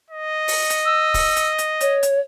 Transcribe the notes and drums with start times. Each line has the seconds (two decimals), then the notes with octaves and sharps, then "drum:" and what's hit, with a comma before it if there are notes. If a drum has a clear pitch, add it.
0.10 D#5
0.48 drum: open hi-hat
0.70 drum: hi-hat
0.85 E6
1.14 drum: kick D1, open hi-hat
1.36 drum: hi-hat
1.58 drum: hi-hat
1.80 C#5, drum: hi-hat
2.03 drum: hi-hat